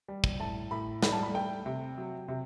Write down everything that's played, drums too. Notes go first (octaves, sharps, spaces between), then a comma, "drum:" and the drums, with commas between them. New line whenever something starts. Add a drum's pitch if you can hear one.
G3
drum: kick
A2 A5
A2 B5
G3 B5, drum: snare
A5
B5
A3 G5
C3
F#3
C3